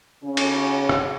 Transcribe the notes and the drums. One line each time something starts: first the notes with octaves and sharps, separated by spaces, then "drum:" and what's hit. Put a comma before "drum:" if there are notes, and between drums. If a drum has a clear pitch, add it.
C#3 C#4
drum: cymbal
drum: rim click